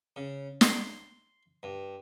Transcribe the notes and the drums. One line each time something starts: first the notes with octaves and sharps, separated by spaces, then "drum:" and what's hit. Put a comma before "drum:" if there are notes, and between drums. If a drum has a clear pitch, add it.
C#3
C6, drum: snare
G2